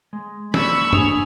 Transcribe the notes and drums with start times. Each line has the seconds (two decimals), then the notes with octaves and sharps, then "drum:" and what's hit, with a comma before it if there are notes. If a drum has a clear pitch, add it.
0.13 G#3
0.54 A#3 D5 B5 C#6 E6, drum: snare
0.93 D4 G#5 D#6 F7, drum: tom